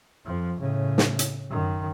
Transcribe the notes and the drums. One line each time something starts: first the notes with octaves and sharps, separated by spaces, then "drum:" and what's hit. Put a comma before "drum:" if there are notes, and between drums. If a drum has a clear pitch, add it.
F2 F3
A2 C#3
drum: snare
drum: hi-hat
F#2 D#3